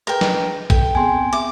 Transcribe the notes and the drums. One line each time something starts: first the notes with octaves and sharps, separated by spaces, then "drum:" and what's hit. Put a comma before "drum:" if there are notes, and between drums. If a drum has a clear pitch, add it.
G#4 A#4 B4 G5
drum: snare
A4 G5, drum: kick
B3 C4 G#4 G#5 C6
E5 D6